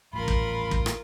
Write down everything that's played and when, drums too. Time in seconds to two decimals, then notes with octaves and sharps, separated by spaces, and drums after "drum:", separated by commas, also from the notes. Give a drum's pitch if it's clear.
0.13 D#1 A1 F4 A#4 B5
0.28 drum: kick
0.71 drum: kick
0.86 drum: rim click